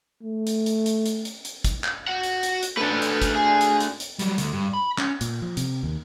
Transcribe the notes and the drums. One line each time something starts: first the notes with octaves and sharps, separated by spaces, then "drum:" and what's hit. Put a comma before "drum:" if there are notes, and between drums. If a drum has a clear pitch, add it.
A3
drum: hi-hat
drum: hi-hat
drum: hi-hat
drum: hi-hat
drum: hi-hat
drum: hi-hat
drum: kick, hi-hat
drum: clap
F#4 F#5
drum: hi-hat
drum: hi-hat
drum: hi-hat
A3 D4 A4 B4
drum: hi-hat
drum: kick, hi-hat
G#4
drum: hi-hat
drum: hi-hat
drum: hi-hat
F#3 G3, drum: hi-hat
D2, drum: hi-hat
G2
B5
C#4, drum: clap
A#2, drum: hi-hat
F3
C3, drum: hi-hat
D#2